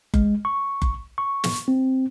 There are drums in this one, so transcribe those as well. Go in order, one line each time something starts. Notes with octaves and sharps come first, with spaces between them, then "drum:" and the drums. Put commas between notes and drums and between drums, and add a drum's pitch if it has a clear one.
G#3, drum: kick F#1
C#6
drum: kick F#1
C#6
drum: snare
C4